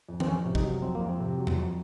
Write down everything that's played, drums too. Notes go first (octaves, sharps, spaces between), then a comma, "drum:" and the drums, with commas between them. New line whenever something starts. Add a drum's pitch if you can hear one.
F2
C4, drum: tom D#3
F2 C#4
C3
D#4, drum: kick
F#3
F2 C4
A#3
F2
C4
C3
F#3
drum: tom E2
F2